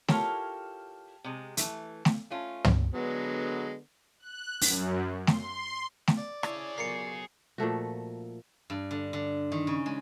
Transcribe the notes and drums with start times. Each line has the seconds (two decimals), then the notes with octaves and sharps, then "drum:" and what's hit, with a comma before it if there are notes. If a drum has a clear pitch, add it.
0.08 E4 F4 G4 A4 A#4 C#5, drum: snare
1.24 C3 G#3
1.57 E3 A3, drum: hi-hat
2.05 drum: snare
2.30 A3 C#4 F4
2.65 drum: tom
2.94 D3 F#3 G#3 B3
4.19 F#6
4.61 F#2, drum: open hi-hat
5.27 C6, drum: snare
6.07 drum: snare
6.18 D5
6.43 D4 E4 G#4 C#5, drum: rim click
6.78 B1 F4 A#4 C7 C#7
7.58 A#2 F3 A3 F#4
8.70 G2
8.91 D3
9.13 D3
9.52 D#3
9.67 C#3
9.86 G#3